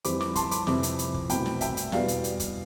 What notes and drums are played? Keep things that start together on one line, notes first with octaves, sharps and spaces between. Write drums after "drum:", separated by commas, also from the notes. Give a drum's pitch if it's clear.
F2 E3 G3 C4 B5 D6, drum: hi-hat
B5 D6, drum: snare
A5 C6, drum: kick, hi-hat
B5 D6, drum: hi-hat
F2 C3 E3 B5 D6, drum: snare
drum: hi-hat
drum: hi-hat
drum: kick
C2 B2 A3 C4 G5 B5, drum: hi-hat
drum: snare
E5 G5, drum: kick, hi-hat
drum: hi-hat
E2 B2 G3 B3 D5 F5, drum: snare
drum: hi-hat
drum: hi-hat
drum: kick, hi-hat